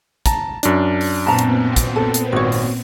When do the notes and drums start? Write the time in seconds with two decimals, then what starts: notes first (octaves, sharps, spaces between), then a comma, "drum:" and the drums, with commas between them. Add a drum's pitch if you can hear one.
0.26 A5 A#5, drum: kick, hi-hat
0.63 F#2 D4, drum: hi-hat
1.01 drum: open hi-hat
1.26 A#2 B3 C4 A5 A#5
1.39 drum: hi-hat
1.76 drum: kick, hi-hat
1.96 A4
2.14 drum: hi-hat
2.32 G#1 F#4 C#5
2.52 drum: open hi-hat